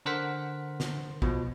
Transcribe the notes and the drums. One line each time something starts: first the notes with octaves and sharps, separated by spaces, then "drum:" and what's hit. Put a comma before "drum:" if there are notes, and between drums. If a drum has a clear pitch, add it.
D3 A#4 C5 F#5 B6
drum: snare
B2 F3, drum: kick